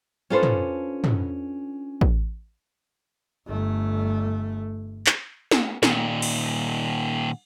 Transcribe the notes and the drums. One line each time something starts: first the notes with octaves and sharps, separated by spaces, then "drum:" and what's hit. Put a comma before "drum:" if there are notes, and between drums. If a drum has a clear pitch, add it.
C#4 D4 F4 A4 B4 C5
drum: tom
drum: tom
drum: kick A1
G1 A3
drum: clap
drum: snare
A#2 D#3, drum: snare
drum: cymbal